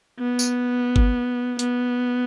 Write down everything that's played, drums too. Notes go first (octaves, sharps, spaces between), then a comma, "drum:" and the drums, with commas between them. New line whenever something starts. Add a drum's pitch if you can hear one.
B3
drum: tambourine
drum: kick G#1
B3, drum: hi-hat